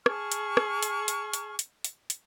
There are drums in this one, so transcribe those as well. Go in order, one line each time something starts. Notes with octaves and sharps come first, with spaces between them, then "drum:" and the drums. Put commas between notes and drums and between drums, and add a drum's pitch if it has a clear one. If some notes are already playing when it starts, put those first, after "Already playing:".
G#4 A5 C#6 F6, drum: rim click
drum: hi-hat
drum: rim click
drum: hi-hat
drum: hi-hat
drum: hi-hat
drum: hi-hat
drum: hi-hat
drum: hi-hat